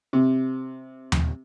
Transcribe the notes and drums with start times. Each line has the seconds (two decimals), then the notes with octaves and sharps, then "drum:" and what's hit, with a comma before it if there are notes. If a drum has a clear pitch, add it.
0.13 C3
1.12 drum: tom D#2